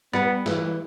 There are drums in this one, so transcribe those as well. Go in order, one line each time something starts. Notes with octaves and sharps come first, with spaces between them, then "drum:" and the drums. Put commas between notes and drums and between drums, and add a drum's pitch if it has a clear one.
G3 B3, drum: rim click
E3, drum: snare